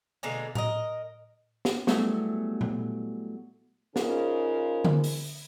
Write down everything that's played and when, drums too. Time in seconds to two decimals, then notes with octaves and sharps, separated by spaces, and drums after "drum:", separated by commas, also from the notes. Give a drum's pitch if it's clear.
0.23 B2 D3 G#3 A#3
0.55 A#4 D#5, drum: tom A2
1.65 drum: snare
1.87 F#3 G3 A3 B3 E4 G#4, drum: snare
2.61 drum: tom A#2
3.96 C#3 D#4 F4 G#4 A#4 C5, drum: snare
4.85 drum: tom D3
5.04 drum: open hi-hat